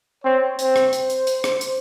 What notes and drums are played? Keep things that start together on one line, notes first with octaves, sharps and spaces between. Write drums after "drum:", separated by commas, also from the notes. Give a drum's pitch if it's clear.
C4 C#5
C4 C5, drum: hi-hat
drum: rim click
drum: hi-hat
drum: hi-hat
drum: hi-hat
drum: rim click
drum: hi-hat